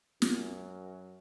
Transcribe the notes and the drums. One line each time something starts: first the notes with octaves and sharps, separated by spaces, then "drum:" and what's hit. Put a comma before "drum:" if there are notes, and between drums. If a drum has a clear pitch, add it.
F#2, drum: snare